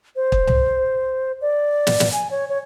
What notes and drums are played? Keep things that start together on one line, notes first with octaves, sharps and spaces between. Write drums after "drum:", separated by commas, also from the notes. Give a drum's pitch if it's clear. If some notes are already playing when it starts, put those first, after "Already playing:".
C5
drum: kick
drum: tom C2
D5
drum: snare
drum: snare
G#5
C#5
C#5